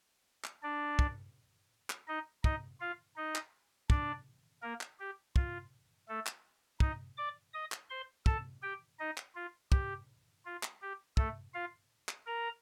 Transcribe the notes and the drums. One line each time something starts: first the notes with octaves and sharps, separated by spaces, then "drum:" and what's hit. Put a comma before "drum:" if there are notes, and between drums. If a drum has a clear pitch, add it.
drum: clap
D4 D5
drum: kick
drum: clap
D#4 D#5
D#4 D#5, drum: kick
F4 F5
D#4 D#5
drum: clap
D4 D5, drum: kick
A#3 A#4
drum: clap
G4
F4, drum: kick
A3 A4
drum: clap
D#4 D#5, drum: kick
D5 D6
D#5 D#6
drum: clap
C5 C6
A4 A5, drum: kick
G4 G5
D#4 D#5
drum: clap
F4
G4, drum: kick
F4
drum: clap
G4
A3 A4, drum: kick
F4 F5
drum: clap
A#4 A#5